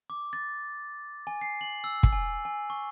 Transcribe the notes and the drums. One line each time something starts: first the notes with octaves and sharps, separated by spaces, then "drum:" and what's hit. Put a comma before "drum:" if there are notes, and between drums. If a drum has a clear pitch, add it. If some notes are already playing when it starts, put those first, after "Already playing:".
D6
A6
G#5
C7
F#7
E6
drum: kick
G#5
G#5
C#6